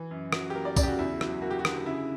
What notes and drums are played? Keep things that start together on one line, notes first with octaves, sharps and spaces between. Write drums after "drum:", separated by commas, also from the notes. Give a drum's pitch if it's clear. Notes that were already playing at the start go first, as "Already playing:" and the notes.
Already playing: E3
F#2
F#3, drum: rim click
G4
A#3 A#4
D5
C#3 D5, drum: kick, tambourine
G4
F#4
E2 E4
F#3, drum: rim click
A#3 F#4
G4
F#4
D3, drum: rim click
C#3 E4